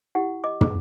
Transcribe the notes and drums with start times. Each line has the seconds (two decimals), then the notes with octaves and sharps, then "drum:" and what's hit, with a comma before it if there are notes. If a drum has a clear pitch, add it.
0.15 E4 G4 F#5
0.44 D#5 D6
0.61 D6, drum: tom